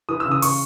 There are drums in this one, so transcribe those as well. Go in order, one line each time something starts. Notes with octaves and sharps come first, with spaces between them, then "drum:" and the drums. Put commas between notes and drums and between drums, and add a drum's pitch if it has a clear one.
E3 D#6
E6
C#3
D#6
C#6, drum: open hi-hat